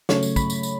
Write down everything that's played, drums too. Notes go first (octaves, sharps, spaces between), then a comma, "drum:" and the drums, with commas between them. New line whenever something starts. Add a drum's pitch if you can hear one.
C#3 F#3 A3 C#5, drum: snare
drum: tambourine
B5, drum: kick, tambourine
drum: tambourine
drum: tambourine